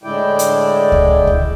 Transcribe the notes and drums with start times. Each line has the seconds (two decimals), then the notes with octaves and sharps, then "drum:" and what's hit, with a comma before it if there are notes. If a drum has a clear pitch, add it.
0.04 A2 D3 G#3 E4 D5 G5
0.39 drum: hi-hat
0.92 drum: kick C#2
1.27 drum: kick C#2